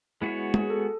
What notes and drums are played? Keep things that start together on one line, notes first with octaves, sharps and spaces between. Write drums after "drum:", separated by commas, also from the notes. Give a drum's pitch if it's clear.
G#3 B3 E4 F#4 C#5
G#4, drum: tom
A4